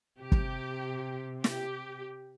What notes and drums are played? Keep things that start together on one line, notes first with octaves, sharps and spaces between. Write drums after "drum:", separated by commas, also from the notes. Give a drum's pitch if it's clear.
C3 G4
drum: kick
G4, drum: snare